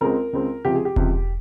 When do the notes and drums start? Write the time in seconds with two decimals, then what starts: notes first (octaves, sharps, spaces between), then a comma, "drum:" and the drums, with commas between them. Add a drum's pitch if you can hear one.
0.01 C#2 C#3 G#3 C4 A#4
0.33 C#2 C#3 G#3 C4
0.65 C#2 C3 F3 G4
0.75 G#4
0.85 G4
0.96 C#2 C3 F3, drum: kick E1